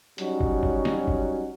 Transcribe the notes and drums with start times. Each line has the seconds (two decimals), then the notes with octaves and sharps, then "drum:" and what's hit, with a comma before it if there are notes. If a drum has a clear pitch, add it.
0.18 F#3 G3 C#4 D#4 F#4, drum: hi-hat
0.40 drum: kick
0.63 drum: kick
0.85 drum: snare
1.08 drum: kick